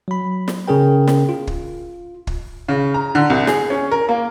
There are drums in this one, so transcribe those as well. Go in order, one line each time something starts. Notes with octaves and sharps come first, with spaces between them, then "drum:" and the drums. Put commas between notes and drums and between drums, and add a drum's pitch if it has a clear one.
F#3 B5
drum: snare
C#3 C#4 G#4 A#4 G5
drum: snare
F4
drum: kick
drum: kick
C#3
A#5
D3
C2
G#4, drum: snare
C#4
A#4
A#3